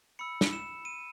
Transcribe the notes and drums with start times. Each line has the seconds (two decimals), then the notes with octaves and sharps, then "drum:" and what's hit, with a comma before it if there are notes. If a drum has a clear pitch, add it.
0.19 B5 E6 C#7
0.41 drum: snare
0.53 E7
0.85 D#7